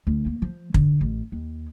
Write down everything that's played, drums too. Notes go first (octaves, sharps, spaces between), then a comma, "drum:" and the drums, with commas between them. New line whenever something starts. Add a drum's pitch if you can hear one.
D2
A#3
F3
D3, drum: kick
A1
D#2